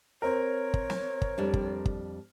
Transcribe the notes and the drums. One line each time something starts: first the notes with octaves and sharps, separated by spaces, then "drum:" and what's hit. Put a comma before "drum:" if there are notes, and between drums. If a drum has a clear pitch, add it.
C4 A#4 C#5
drum: kick
drum: snare
drum: kick
F2 G3 D4
drum: kick
drum: kick